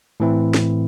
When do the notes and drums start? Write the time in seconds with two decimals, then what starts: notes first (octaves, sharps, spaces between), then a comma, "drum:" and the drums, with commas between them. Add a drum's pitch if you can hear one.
0.20 A2 E3 C4 E4
0.54 drum: snare